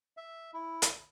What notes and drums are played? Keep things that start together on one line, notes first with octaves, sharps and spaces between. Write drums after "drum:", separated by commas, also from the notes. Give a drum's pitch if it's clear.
E5
E4
drum: hi-hat